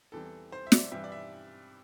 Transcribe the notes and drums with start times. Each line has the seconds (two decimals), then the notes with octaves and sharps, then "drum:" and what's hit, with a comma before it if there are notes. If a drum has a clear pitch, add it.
0.12 E2 E3 G3 C4 A4
0.52 C5
0.67 E5
0.72 D5, drum: snare
0.92 G2 E3 G3 C4 E5
1.04 D5
1.12 E5